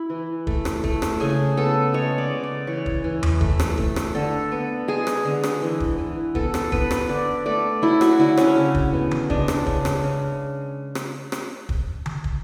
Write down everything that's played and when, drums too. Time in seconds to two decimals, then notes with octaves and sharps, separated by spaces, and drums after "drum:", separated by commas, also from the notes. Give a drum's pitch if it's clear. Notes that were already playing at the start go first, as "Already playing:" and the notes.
Already playing: E4
0.10 E3
0.47 A3, drum: kick
0.65 drum: rim click
0.84 A3, drum: kick
1.02 drum: rim click
1.20 C#3 G#4
1.57 B3 A4
1.94 G#3 C#5
2.18 D5
2.31 C#3
2.43 D5
2.67 E3 C#5
2.86 drum: kick
3.04 E3
3.23 drum: tom E2
3.41 A3, drum: kick
3.60 drum: rim click
3.78 A3, drum: kick
3.96 drum: rim click
4.15 D3 A4
4.52 B3
4.88 G#3 G#4
5.07 drum: rim click
5.25 D3
5.43 drum: rim click
5.62 E3
5.80 drum: kick
5.98 E3
6.35 B3 A4, drum: kick
6.54 drum: rim click
6.72 B3 B4, drum: kick
6.91 drum: rim click
7.09 D3 D5
7.46 A3 D5
7.82 F#3 E4
8.01 F#4, drum: rim click
8.19 D3 E4
8.37 C#4, drum: rim click
8.57 C#3
8.75 drum: kick
8.93 B3
9.11 drum: tom D3
9.30 G#3 D4, drum: kick
9.48 drum: rim click
9.66 C#3, drum: kick
9.85 drum: rim click
10.04 C#3
10.95 drum: rim click
11.32 drum: rim click
11.69 drum: kick
12.06 drum: tom D3
12.24 drum: kick